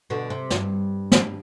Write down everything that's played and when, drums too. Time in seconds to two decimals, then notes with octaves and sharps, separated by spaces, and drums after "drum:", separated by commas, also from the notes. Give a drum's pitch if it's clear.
0.10 B2 D3
0.30 C3
0.50 G2, drum: snare
1.12 drum: snare